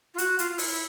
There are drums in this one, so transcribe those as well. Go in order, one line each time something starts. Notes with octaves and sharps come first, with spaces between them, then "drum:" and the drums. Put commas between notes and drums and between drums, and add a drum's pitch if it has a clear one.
F4
F#4, drum: hi-hat
F4, drum: hi-hat
F4
E4, drum: open hi-hat